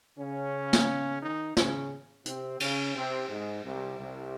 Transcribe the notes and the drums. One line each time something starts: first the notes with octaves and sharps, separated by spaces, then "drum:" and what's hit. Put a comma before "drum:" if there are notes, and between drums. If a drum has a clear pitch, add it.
C#3 C#4
drum: snare
D#3 D#4
C#3 C#4, drum: snare
C3 C4, drum: hi-hat
C#3 C#4, drum: cymbal
C3 C4
G#2 G#3
C2 C3
C2 C3